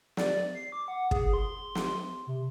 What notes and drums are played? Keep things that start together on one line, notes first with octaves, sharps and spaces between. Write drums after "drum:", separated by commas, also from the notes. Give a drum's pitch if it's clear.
D5, drum: snare
C7
D6
F#5
G#4, drum: kick
C6
drum: snare
C3